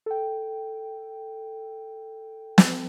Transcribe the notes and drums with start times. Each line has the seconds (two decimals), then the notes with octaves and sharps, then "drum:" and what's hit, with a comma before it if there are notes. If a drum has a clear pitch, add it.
0.06 A4 G5
2.58 drum: snare